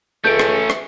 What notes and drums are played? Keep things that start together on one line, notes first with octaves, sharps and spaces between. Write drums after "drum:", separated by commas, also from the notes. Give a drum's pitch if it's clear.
C#2 A3 C#4 A4 G6 D7
drum: rim click
drum: rim click